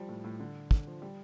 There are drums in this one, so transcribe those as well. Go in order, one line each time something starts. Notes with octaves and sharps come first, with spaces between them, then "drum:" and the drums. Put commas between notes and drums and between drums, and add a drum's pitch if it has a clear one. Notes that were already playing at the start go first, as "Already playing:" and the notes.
Already playing: F3 G3
A2
A2
D3
D3, drum: kick
F3
G3